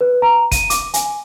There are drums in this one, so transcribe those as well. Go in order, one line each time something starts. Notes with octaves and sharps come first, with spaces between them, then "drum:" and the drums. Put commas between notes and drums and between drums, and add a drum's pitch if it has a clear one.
B4
A#5
D#7, drum: kick, hi-hat
D6, drum: hi-hat
G#5, drum: hi-hat